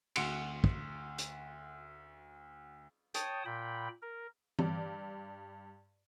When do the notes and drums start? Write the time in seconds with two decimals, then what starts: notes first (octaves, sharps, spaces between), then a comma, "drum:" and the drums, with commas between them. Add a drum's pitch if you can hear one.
0.16 D2 F#4 C6 C#7 D7, drum: cymbal
0.64 drum: kick
1.18 drum: hi-hat
3.14 C#5 G5 A5 D#6, drum: hi-hat
3.45 A#2 G5 B5
4.02 A#4
4.59 G2 D5, drum: tom E3